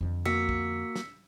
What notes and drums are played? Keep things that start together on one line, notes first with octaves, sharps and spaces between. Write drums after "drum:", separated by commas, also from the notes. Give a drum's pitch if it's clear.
F2 D3
A#3 F#4 E6 B6 C#7
drum: kick
drum: snare